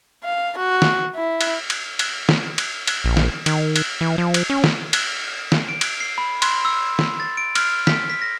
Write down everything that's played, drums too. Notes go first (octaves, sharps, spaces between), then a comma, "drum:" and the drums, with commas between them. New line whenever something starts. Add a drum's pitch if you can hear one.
F5
F#4
drum: snare
E4
drum: cymbal
drum: cymbal
drum: cymbal
drum: snare
drum: cymbal
drum: cymbal
A#1
drum: snare
D#3, drum: cymbal
drum: cymbal
E3
F3
drum: cymbal
C#4
drum: snare
drum: cymbal
drum: snare
D7
drum: cymbal
C7
B5
C6, drum: cymbal
E6
drum: snare
A6
D7
F6, drum: cymbal
B6, drum: snare
B6
A#6